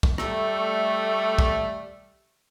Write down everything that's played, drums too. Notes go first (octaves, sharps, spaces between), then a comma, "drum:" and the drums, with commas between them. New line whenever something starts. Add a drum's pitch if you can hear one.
drum: kick
G3 A3, drum: rim click
drum: kick